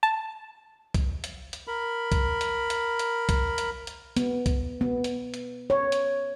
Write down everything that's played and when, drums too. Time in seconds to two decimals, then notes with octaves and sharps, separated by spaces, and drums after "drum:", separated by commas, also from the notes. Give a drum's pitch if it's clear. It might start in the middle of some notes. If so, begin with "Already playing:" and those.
0.03 A5
0.94 drum: kick C2, hi-hat
1.24 drum: hi-hat
1.53 drum: hi-hat
1.67 A#4 B5
2.12 drum: kick C2, hi-hat
2.41 drum: hi-hat
2.70 drum: hi-hat
2.99 drum: hi-hat
3.29 drum: kick C2, hi-hat
3.58 drum: hi-hat
3.87 drum: hi-hat
4.17 B3, drum: hi-hat
4.46 drum: kick C2, hi-hat
4.81 B3
5.04 drum: hi-hat
5.34 drum: hi-hat
5.70 C#5
5.92 drum: hi-hat